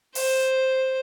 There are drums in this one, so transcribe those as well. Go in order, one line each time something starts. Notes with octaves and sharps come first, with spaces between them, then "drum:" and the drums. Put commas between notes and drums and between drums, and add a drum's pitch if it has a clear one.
C5, drum: open hi-hat